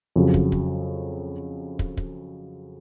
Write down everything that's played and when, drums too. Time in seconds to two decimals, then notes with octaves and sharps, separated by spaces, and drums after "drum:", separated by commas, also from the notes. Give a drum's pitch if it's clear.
0.16 F2 C#3 F#3
0.34 drum: kick
0.52 drum: kick
1.79 drum: kick
1.97 drum: kick